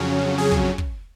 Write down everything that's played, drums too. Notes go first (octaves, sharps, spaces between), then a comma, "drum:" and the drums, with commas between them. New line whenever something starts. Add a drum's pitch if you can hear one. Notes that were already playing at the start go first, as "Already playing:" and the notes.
Already playing: F2 C#3 F#3 C#4
G#4
drum: kick
drum: kick